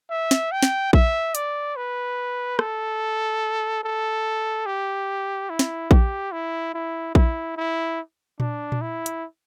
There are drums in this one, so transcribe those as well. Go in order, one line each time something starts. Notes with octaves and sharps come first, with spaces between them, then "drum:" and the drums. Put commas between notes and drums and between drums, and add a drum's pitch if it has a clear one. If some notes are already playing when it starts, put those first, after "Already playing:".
E5
drum: snare
G5
drum: snare
E5, drum: kick A#1
D5, drum: hi-hat
B4
A4, drum: rim click
A4
G4
E4
drum: snare
G4, drum: kick A#1
E4
E4
E4, drum: kick A#1
E4
D4, drum: tom A#2
drum: tom A#2
E4
drum: hi-hat